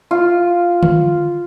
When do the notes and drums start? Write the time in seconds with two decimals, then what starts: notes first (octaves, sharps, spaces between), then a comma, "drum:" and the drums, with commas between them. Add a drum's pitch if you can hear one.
0.11 F4
0.83 drum: tom D3